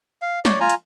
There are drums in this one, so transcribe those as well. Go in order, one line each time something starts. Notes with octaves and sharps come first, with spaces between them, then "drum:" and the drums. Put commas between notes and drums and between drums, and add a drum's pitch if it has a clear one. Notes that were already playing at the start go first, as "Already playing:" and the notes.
F5
C#5 D5, drum: snare
F4 G#5 A#5
drum: hi-hat